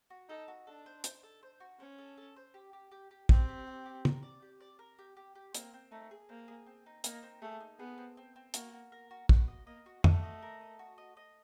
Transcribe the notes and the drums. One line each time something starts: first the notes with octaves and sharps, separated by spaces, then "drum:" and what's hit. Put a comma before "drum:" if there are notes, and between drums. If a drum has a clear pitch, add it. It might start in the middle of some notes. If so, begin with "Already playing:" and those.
F#4
D#4 A4
F#4
D4 A4
C5
C5, drum: hi-hat
A4
C5
F#4
C#4 C5
A4
A4
C5
G4
G4
G4
G4
C4 G4, drum: kick
G4
G4
G4
A#4, drum: tom
D5
G4
D5
A#4
G4
G4
G4
A#3 C4, drum: hi-hat
C4
A3 D#4
G#4
A#3 C4
G#4
C4
D#4
A#3 D#4, drum: hi-hat
C4
A3 G#4
D#4
B3 G#4
C4
C4
C4
A#3 F#4, drum: hi-hat
F#4
A#4
F#4
B3 F#4, drum: kick
D#5
A#3 D#5
F#4
A3 F#4, drum: tom F2
D#5
A#4
D#5
F#4
D#5
D#5